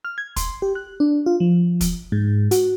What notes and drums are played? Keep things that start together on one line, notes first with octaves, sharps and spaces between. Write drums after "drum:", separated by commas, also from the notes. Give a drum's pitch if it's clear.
F6
G#6
C6, drum: kick, hi-hat
G4
F#6
D4
F4
F3
drum: kick, hi-hat
G#2
F#4, drum: hi-hat